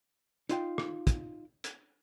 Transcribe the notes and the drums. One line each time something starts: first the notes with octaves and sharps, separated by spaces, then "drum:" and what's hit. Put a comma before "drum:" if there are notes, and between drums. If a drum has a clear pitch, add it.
D#4 F4 G5, drum: hi-hat
drum: rim click
drum: kick, hi-hat
drum: hi-hat